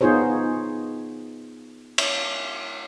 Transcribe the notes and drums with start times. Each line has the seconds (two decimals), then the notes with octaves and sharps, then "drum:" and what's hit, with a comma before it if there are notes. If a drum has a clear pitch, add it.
0.01 B3 D#4 F4 G#4 C5 C#5
1.98 drum: cymbal